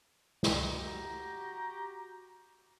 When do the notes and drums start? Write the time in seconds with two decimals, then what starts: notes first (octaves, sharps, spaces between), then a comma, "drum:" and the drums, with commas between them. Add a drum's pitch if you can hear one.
0.43 drum: snare
0.71 F#4 G4 A#5